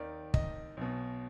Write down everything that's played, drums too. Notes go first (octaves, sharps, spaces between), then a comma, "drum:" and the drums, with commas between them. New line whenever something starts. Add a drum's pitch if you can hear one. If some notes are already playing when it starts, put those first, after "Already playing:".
Already playing: D#2 D#3 D5
D#5, drum: kick
B1 B2